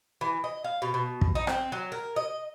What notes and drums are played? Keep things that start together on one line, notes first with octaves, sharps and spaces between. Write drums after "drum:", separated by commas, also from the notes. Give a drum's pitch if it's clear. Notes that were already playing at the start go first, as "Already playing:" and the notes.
E3
D#5
F5
B2
B2
drum: kick
D#4
C4, drum: rim click
F#3
A#4
D#5